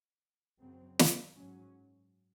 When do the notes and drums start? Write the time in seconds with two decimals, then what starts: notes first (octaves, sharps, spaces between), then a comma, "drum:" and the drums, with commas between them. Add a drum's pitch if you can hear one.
0.58 F#2 C#3 F#3 C4
0.99 drum: snare
1.35 G#2 F#3 C#4